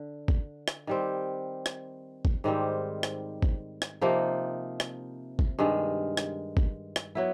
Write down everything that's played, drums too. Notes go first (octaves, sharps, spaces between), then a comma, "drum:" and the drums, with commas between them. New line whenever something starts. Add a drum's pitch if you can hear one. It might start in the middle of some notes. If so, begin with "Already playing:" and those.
Already playing: D3
drum: kick
drum: rim click
D#3 G3 C4
drum: rim click
drum: kick
G#2 D#3 G3 C4
drum: rim click
drum: kick
drum: rim click
C3 F3 A#3 D#4
drum: rim click
drum: kick
G2 D#3 G#3
drum: rim click
drum: kick
drum: rim click
F#3 B3 E4